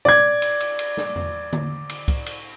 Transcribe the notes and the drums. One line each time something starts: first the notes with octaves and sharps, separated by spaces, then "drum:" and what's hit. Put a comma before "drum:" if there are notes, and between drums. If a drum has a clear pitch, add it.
D5 G#6, drum: tom
drum: cymbal
drum: cymbal
drum: cymbal
drum: snare
drum: tom E2
drum: tom D3
drum: cymbal
drum: kick, cymbal
drum: cymbal